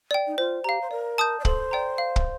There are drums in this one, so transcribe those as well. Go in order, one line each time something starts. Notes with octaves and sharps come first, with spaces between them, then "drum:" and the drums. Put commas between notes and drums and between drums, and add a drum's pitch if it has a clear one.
D5 G5
D#4
F4 C5
G4 F5 A#5
C5
A#4 D5
A5 D#6 G6
D5
A4 C5, drum: kick
D5 G5 A#5
F5
drum: kick